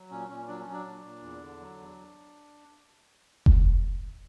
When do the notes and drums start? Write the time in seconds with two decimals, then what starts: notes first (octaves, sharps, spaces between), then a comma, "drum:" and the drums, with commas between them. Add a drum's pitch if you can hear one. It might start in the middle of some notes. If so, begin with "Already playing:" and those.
Already playing: F#3
0.11 A#2 C#4
0.29 A#2 C#4
0.47 F#3 D4
0.60 C#4
0.66 F#3
0.72 D4
0.85 A#2
1.03 A#2
1.22 E2
1.41 D3
1.60 F#3
1.78 E2
3.46 drum: kick F1